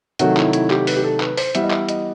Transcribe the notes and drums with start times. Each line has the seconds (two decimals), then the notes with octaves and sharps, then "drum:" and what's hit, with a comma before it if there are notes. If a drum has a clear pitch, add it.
0.19 C3 D#3 F#3 A3 F#4, drum: hi-hat
0.37 E4, drum: clap
0.53 E4, drum: hi-hat
0.70 G4, drum: clap
0.87 B4, drum: open hi-hat
0.96 G4
1.04 A4
1.20 B4, drum: clap
1.37 C5, drum: open hi-hat
1.55 E3 G3 B3 E5, drum: hi-hat
1.63 D#5
1.70 E5, drum: clap
1.89 D#5, drum: hi-hat